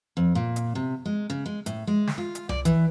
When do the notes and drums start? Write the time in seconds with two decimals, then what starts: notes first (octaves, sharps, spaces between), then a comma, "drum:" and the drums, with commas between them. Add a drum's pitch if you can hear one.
0.17 F2
0.35 A#2
0.56 drum: hi-hat
0.75 C3
1.06 G#3
1.30 C#3
1.46 G#3
1.66 A2, drum: hi-hat
1.87 G#3
2.07 drum: snare
2.18 F4
2.35 drum: hi-hat
2.49 D5, drum: tom C2
2.65 E3, drum: hi-hat